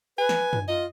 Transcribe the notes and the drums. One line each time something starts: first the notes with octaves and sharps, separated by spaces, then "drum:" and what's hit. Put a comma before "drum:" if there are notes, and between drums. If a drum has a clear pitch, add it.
B4 G#5
drum: snare
drum: tom
F4 D#5